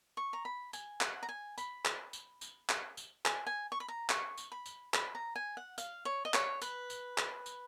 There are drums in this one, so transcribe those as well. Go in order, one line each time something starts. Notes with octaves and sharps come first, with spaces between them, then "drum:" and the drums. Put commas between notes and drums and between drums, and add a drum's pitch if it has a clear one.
C#6
A#5
B5
G#5, drum: tambourine
F#5, drum: clap
A#5
G#5
B5, drum: tambourine
drum: clap
drum: tambourine
drum: tambourine
drum: clap
drum: tambourine
G#5, drum: clap
G#5
C#6
B5
A#5
C#6, drum: clap
drum: tambourine
B5
drum: tambourine
B5, drum: clap
A#5
G#5
F#5
F5, drum: tambourine
C#5
D#5
C#5, drum: clap
B4, drum: tambourine
drum: tambourine
drum: clap
drum: tambourine